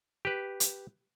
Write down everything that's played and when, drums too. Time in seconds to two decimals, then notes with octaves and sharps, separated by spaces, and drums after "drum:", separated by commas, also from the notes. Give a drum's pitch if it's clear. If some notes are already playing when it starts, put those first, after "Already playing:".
0.25 G4 B4
0.60 drum: hi-hat